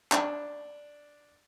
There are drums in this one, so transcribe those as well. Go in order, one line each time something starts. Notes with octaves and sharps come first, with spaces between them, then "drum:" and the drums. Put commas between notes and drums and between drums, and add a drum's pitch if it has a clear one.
D4, drum: clap